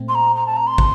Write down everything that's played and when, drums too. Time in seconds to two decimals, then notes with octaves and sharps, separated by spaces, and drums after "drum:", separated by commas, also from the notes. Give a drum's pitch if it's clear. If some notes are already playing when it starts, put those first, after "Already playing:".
Already playing: A#2 A3 C4
0.08 C6
0.15 A#5
0.36 A#5
0.47 A5
0.56 A#5
0.67 C6
0.78 drum: kick